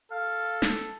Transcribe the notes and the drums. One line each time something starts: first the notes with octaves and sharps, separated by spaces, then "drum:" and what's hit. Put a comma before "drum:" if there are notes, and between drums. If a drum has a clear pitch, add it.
A4 F5
drum: snare